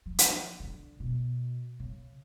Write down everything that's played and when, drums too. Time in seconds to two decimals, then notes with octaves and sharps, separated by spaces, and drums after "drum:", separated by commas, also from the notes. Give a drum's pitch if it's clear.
0.06 F3
0.19 drum: hi-hat
0.60 D3
1.00 B2
1.80 C#3